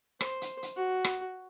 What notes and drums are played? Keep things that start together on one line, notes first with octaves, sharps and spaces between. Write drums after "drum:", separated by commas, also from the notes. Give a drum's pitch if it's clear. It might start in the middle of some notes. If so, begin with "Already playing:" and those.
C5, drum: rim click
drum: hi-hat
drum: hi-hat
F#4
drum: rim click